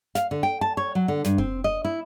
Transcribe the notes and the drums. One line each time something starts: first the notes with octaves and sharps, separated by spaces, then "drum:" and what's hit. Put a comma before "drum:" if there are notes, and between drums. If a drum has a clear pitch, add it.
F5, drum: snare
D3
G5
A5
C#5
F#3
D3
G2, drum: snare
C4, drum: kick F1
D#5
E4